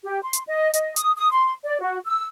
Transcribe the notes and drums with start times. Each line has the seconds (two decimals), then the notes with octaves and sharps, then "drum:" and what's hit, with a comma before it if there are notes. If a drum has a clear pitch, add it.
0.03 G4
0.23 C6
0.33 drum: hi-hat
0.48 D#5
0.73 D#5, drum: hi-hat
0.96 D#6, drum: hi-hat
1.16 D#6
1.32 C6
1.64 D5
1.80 F#4
2.06 E6